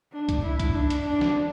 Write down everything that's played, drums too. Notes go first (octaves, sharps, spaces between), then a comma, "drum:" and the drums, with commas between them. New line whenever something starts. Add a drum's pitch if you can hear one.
D4
drum: kick C2, hi-hat
E4
drum: kick C2, hi-hat
D4
drum: hi-hat
D4
drum: snare